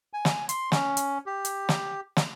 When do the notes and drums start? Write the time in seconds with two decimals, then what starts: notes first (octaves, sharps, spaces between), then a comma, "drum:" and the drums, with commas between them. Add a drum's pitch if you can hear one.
0.13 G#5
0.25 drum: snare
0.49 C6, drum: hi-hat
0.72 C#4, drum: snare
0.97 drum: hi-hat
1.26 G4
1.45 drum: hi-hat
1.69 drum: snare
2.17 drum: snare